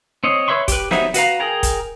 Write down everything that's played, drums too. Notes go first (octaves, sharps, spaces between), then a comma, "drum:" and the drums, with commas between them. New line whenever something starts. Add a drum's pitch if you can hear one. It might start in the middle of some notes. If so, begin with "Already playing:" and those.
C4 C#5 D#5
B4 C#5 E5 C6 C#6
G4 B4, drum: kick, hi-hat
F#3 B3 D#4 C5 E5, drum: snare
F#4 B4 F5 A#5, drum: hi-hat
G#4 A#4 G5 G#5 A#5
drum: kick, hi-hat